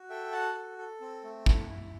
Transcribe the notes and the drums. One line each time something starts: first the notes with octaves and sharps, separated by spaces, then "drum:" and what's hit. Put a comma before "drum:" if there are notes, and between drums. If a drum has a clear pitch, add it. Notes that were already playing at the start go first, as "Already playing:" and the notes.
Already playing: F#4
A4 E5 G5
F#4 F#5 A5
A4
A4
C4
A3
E4, drum: kick
E4